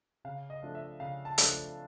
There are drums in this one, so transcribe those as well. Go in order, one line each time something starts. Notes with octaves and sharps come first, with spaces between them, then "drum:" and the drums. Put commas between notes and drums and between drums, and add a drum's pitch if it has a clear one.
C#3 F5
D#5
F3 A3 D4
E5
C#3 F5
A5
F3 A3 D4, drum: hi-hat